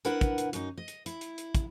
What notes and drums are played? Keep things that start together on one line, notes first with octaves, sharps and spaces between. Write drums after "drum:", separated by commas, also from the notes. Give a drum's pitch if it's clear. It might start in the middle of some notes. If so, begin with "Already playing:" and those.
D4 E4 A#4 B4 F#5, drum: hi-hat
drum: kick, hi-hat
drum: hi-hat
F#2 D#4, drum: hi-hat
D#5
drum: hi-hat
E4, drum: hi-hat
drum: hi-hat
drum: hi-hat
drum: kick, hi-hat